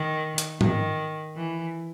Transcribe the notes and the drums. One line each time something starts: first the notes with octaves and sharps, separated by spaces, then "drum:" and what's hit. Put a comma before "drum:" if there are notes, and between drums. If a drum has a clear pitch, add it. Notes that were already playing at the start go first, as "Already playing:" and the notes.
Already playing: D#3
drum: hi-hat
D#3, drum: tom G#2
E3